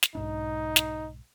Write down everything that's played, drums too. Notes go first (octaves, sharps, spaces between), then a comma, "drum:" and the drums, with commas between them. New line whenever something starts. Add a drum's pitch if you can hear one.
drum: snare
B1 G#2 D4 D#4
drum: snare